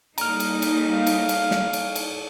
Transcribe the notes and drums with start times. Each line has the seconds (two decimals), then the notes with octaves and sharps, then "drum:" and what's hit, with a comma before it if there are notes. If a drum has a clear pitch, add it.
0.18 G3 A#3 D#4 A#5 F6, drum: cymbal
0.40 drum: cymbal
0.62 drum: cymbal
0.91 F5
1.07 drum: cymbal
1.29 drum: cymbal
1.51 drum: snare
1.73 drum: cymbal
1.95 drum: cymbal